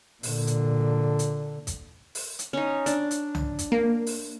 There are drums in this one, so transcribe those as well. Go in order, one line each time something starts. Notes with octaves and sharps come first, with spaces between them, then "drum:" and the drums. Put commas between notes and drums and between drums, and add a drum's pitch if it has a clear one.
A#2 D3, drum: open hi-hat
drum: hi-hat
drum: hi-hat
drum: kick, hi-hat
drum: open hi-hat
drum: hi-hat
C#4 D#4
D4, drum: hi-hat
drum: hi-hat
drum: tom C2
drum: kick, hi-hat
A#3
drum: open hi-hat